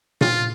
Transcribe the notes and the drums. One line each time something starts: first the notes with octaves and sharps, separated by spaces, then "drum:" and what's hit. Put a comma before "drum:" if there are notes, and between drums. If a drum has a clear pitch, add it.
F4, drum: tom A#2